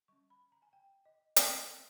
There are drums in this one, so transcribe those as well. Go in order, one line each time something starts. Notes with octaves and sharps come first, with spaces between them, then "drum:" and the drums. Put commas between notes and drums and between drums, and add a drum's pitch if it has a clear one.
G3 C#4 C#6
B5
A#5
G#5
G5
D#5
G3 B3 C#5, drum: hi-hat
B4